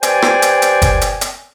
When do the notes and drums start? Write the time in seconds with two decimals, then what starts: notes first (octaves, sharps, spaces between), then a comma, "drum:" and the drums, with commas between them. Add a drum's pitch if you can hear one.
0.03 G4 B4 C5 D5 G5 G#5, drum: hi-hat
0.22 drum: rim click
0.42 drum: hi-hat
0.62 drum: hi-hat
0.82 drum: kick F#1, hi-hat
1.01 drum: hi-hat
1.21 drum: hi-hat